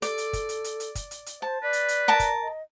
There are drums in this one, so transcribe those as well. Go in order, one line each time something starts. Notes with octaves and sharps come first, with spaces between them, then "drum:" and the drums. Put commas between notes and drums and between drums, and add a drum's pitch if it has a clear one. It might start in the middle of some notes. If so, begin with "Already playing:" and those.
A4 D5, drum: hi-hat
drum: hi-hat
drum: kick, hi-hat
drum: hi-hat
drum: hi-hat
drum: hi-hat
drum: kick, hi-hat
drum: hi-hat
drum: hi-hat
C5 A5
B4 D5
drum: hi-hat
drum: hi-hat
A#4 A5 A#5
drum: kick, hi-hat
D#5